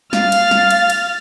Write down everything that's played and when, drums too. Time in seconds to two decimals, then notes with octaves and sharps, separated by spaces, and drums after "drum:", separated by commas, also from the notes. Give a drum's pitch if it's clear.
0.13 F5 F6 A6, drum: snare
0.32 drum: cymbal
0.51 drum: snare
0.70 drum: cymbal
0.90 drum: cymbal